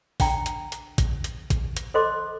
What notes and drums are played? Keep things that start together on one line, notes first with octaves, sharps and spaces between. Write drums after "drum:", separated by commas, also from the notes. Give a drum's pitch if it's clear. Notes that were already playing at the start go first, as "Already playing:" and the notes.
D4 G5 A#5, drum: kick, open hi-hat
drum: hi-hat
drum: hi-hat
drum: kick, hi-hat
drum: hi-hat
drum: kick, hi-hat
drum: hi-hat
A4 C5 D#5 C6 D6